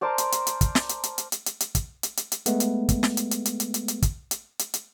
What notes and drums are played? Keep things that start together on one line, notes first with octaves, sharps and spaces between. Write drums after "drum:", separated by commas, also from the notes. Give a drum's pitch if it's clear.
A#4 C5 D5 A5
drum: hi-hat
drum: hi-hat
drum: hi-hat
drum: kick, hi-hat
drum: snare
drum: hi-hat
drum: hi-hat
drum: hi-hat
drum: hi-hat
drum: hi-hat
drum: hi-hat
drum: kick, hi-hat
drum: hi-hat
drum: hi-hat
drum: hi-hat
G#3 A3 B3, drum: hi-hat
drum: hi-hat
drum: kick, hi-hat
drum: snare
drum: hi-hat
drum: hi-hat
drum: hi-hat
drum: hi-hat
drum: hi-hat
drum: hi-hat
drum: kick, hi-hat
drum: hi-hat
drum: hi-hat
drum: hi-hat